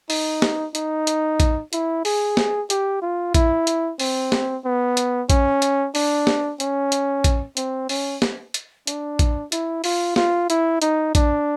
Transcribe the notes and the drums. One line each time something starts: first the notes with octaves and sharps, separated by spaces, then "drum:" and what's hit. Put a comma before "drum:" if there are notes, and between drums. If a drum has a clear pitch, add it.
D#4, drum: open hi-hat
drum: snare
D#4, drum: hi-hat
drum: hi-hat
drum: kick A#1, hi-hat
E4, drum: hi-hat
G#4, drum: open hi-hat
drum: snare
G4, drum: hi-hat
F4
E4, drum: kick A#1, hi-hat
drum: hi-hat
C4, drum: open hi-hat
drum: snare
B3
drum: hi-hat
C#4, drum: kick A#1, hi-hat
drum: hi-hat
D4, drum: open hi-hat
drum: snare
C#4, drum: hi-hat
drum: hi-hat
drum: kick A#1, hi-hat
C4, drum: hi-hat
C#4, drum: open hi-hat
drum: snare
drum: hi-hat
D4, drum: hi-hat
drum: kick A#1, hi-hat
E4, drum: hi-hat
F4, drum: open hi-hat
F4, drum: snare
E4, drum: hi-hat
D#4, drum: hi-hat
D4, drum: kick A#1, hi-hat